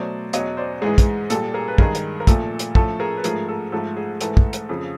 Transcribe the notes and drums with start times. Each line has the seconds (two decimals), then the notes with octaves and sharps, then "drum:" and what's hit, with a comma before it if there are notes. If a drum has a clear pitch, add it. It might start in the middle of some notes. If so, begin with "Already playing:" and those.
Already playing: B2 F#3 A3 C5 D5
0.33 E2 B2 F#3 C#5 D#5, drum: hi-hat
0.57 C5 D5
0.82 G#2 E3 G#3 G#4
0.98 drum: kick, hi-hat
1.30 A#2 G3 A4, drum: hi-hat
1.54 G#4 A#4
1.68 B4
1.78 G2 D#3 G#3 G#4 A#4, drum: kick
1.95 drum: hi-hat
2.20 A#4
2.27 A#2 F3 A3 A4, drum: kick, hi-hat
2.59 drum: hi-hat
2.75 A2 F3 A3 A4, drum: kick
3.00 G#4 A#4
3.17 B4
3.24 G#2 F3 A3 G#4 A#4, drum: hi-hat
3.48 A4
3.72 G#2 F3 A3 A4
3.97 G#4
4.21 G#2 E3 A3 A4, drum: hi-hat
4.37 drum: kick
4.53 drum: hi-hat
4.69 F2 C#3 F3